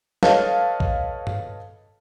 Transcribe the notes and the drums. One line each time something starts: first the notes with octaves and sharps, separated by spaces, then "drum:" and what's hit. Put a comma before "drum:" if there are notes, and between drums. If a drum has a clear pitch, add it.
A4 B4 C#5 D#5 F5 A5, drum: snare
drum: kick A#1
drum: tom G2